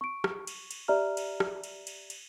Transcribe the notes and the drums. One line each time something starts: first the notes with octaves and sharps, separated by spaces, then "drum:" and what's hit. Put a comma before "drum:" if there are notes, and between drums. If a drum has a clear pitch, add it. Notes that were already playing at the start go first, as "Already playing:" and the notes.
C#6 D7
drum: rim click
drum: cymbal
drum: cymbal
G4 D5 E5 A#5 F6
drum: cymbal
drum: rim click
drum: cymbal
drum: cymbal
drum: cymbal